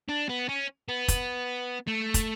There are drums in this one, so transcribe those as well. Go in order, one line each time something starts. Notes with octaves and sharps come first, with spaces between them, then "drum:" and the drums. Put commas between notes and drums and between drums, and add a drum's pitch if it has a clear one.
D4
B3
C#4
B3
drum: kick, hi-hat
A3
drum: kick, hi-hat